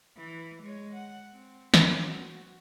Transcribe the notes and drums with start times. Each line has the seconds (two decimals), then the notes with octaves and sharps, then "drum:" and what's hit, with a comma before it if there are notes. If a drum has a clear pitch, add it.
0.17 E3
0.63 G#3 C#5
0.94 F#5
1.33 C4
1.74 C4 D4, drum: snare
2.06 F#4